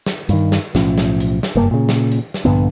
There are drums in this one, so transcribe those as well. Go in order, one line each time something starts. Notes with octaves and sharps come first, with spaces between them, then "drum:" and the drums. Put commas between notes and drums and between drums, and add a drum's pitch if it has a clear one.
drum: snare
G2 D#3, drum: hi-hat
drum: snare
B1 A2 F3 C#4, drum: snare
drum: snare
drum: hi-hat
drum: snare
F#1 G2 A#3
A#2 C#3
drum: snare
drum: hi-hat
drum: snare
A#1 G2 D3 B3